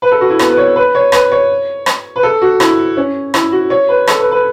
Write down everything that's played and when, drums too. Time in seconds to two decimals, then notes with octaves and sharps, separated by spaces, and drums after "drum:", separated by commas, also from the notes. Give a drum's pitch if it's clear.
0.02 B4
0.11 A4
0.21 F#4
0.30 E4
0.39 B3, drum: rim click
0.50 B4
0.57 C#5
0.76 B4
0.95 C#5
1.12 B4, drum: rim click
1.32 C#5
1.86 drum: rim click
2.16 B4
2.23 A4
2.41 F#4
2.60 E4, drum: rim click
2.97 C#4
3.34 E4, drum: rim click
3.52 F#4
3.70 C#5
3.89 B4
4.07 A4, drum: rim click
4.20 B4
4.32 B4